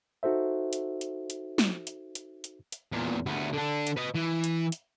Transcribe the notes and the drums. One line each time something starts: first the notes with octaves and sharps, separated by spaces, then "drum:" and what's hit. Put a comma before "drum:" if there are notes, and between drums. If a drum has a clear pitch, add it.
D#4 F#4 A4 C5 E5
drum: hi-hat
drum: hi-hat
drum: hi-hat
drum: snare
drum: hi-hat
drum: hi-hat
drum: hi-hat
drum: hi-hat
E2 A#2
D2 B3
D3 D4
drum: hi-hat
B4 D#5
E3
drum: hi-hat
drum: hi-hat